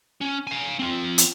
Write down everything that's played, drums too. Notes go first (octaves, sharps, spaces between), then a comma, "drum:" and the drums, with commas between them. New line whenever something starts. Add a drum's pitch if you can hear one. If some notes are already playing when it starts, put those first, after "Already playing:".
C#4
F5 G#5
C4 F4
drum: hi-hat